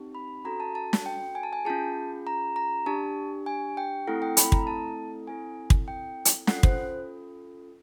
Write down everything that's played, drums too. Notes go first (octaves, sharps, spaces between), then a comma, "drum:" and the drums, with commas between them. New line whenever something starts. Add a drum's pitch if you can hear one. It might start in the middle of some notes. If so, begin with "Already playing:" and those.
Already playing: C4 D#4 G4
B5
C#4 F#4 A4 A#5
A5
A5
drum: snare
G5
G#5
A5
G#5
C#4 F4 G#4 A5
A#5
A#5
D4 G4 A5
G#5
G5
A3 C4 E4 A4 F#5
G5
B5, drum: hi-hat
A#5, drum: kick
A5
C4 E4 A4 G#5
drum: kick
G5
drum: hi-hat
C#4 F4 A4 F#5, drum: snare
C5, drum: kick